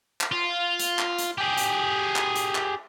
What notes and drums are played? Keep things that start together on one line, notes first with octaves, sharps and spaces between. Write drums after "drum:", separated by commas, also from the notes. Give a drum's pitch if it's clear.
drum: clap
F4
drum: hi-hat
drum: clap
drum: hi-hat
G4 G#4
drum: hi-hat
drum: clap
drum: hi-hat
drum: clap